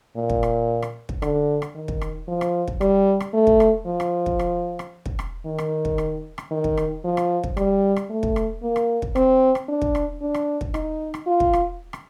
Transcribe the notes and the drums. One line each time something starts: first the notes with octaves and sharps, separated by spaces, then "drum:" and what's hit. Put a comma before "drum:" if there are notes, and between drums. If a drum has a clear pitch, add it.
A#2
drum: kick
drum: rim click
drum: rim click
drum: kick
D3, drum: rim click
drum: rim click
D#3
drum: kick
drum: rim click
F3
drum: rim click
drum: kick
G3, drum: rim click
drum: rim click
A3
drum: kick
drum: rim click
F3
drum: rim click
drum: kick
drum: rim click
drum: rim click
drum: kick
drum: rim click
D#3
drum: rim click
drum: kick
drum: rim click
drum: rim click
D#3
drum: kick
drum: rim click
F3
drum: rim click
drum: kick
G3, drum: rim click
drum: rim click
A3
drum: kick
drum: rim click
A#3
drum: rim click
drum: kick
C4, drum: rim click
drum: rim click
D4
drum: kick
drum: rim click
D4
drum: rim click
drum: kick
D#4, drum: rim click
drum: rim click
F4
drum: kick
drum: rim click
drum: rim click